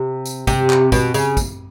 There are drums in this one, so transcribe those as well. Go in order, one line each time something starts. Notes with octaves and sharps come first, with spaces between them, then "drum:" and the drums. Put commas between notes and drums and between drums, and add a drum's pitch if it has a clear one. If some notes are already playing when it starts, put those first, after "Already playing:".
Already playing: C3
drum: tambourine
C3, drum: kick, tambourine
drum: clap
B2, drum: kick, tambourine
C#3, drum: tambourine
drum: kick, tambourine